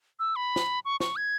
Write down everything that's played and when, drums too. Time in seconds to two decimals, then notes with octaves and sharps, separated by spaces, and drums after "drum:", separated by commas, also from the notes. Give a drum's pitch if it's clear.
0.19 E6
0.36 B5
0.56 drum: snare
0.85 C#6
1.00 C#6, drum: snare
1.16 G#6